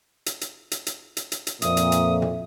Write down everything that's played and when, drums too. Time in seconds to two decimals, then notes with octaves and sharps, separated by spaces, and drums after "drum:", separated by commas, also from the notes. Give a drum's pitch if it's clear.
0.26 drum: hi-hat
0.41 drum: hi-hat
0.71 drum: hi-hat
0.87 drum: hi-hat
1.17 drum: hi-hat
1.32 drum: hi-hat
1.47 drum: hi-hat
1.62 F2 A#2 E5 D#6, drum: hi-hat
1.77 drum: hi-hat
1.92 drum: hi-hat
2.22 drum: tom